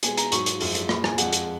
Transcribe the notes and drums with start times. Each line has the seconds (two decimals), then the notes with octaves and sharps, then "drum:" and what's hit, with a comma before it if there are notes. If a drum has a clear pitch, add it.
0.03 B2 G#5, drum: hi-hat
0.08 G#3
0.17 A#5, drum: hi-hat
0.32 G#2 F#3 C#6, drum: hi-hat
0.46 drum: hi-hat
0.60 F#2 F3 G#3, drum: open hi-hat
0.75 drum: hi-hat
0.89 A#2 G#3 B5, drum: rim click
1.04 G#5, drum: rim click
1.18 F2 F3 G#3 F#5, drum: hi-hat
1.32 drum: hi-hat